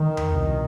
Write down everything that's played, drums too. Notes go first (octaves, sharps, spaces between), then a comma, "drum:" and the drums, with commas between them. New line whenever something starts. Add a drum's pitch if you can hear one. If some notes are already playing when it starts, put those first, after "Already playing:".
Already playing: D#3
drum: tom E2
C2 B2